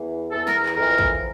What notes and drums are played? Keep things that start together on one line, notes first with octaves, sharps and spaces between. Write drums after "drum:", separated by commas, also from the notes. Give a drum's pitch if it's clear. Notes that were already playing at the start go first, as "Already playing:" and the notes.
Already playing: E2 E3
E2 E3 A4
A#4, drum: snare
drum: clap
F2 E3 A#4
drum: kick A1